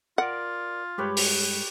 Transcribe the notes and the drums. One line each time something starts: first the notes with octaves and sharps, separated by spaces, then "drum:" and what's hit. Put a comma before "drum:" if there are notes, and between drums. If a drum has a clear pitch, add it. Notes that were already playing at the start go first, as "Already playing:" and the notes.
F4 A#4 D5 F#5
G2 G#3 G4 B4 C#5
drum: open hi-hat